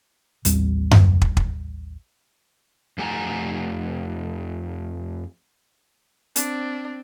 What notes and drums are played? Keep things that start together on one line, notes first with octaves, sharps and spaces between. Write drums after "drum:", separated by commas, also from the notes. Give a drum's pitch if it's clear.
A1 D#2 G3 C4, drum: hi-hat
drum: tom F#2
drum: kick
drum: kick
F2 A3 G4 F#5 G#5 A#5
C4 D4, drum: hi-hat